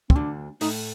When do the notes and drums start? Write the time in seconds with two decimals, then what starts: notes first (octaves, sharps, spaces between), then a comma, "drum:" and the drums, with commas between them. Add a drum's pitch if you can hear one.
0.10 C4, drum: kick
0.16 D2 D3 D4
0.61 A2 A3 D#4, drum: open hi-hat